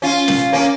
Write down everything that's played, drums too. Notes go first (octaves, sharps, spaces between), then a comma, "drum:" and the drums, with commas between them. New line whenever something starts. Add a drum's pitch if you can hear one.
C#4 F4
drum: snare
A#3 C#4